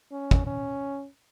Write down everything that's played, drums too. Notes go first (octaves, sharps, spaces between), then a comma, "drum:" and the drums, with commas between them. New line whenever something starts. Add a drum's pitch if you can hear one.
C#4
drum: kick
C#4